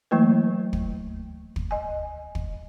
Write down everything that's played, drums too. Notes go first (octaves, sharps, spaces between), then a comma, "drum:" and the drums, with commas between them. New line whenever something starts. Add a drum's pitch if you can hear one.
E3 F#3 A3 A#3 E4 B4
drum: kick
drum: kick
D#5 G#5
drum: kick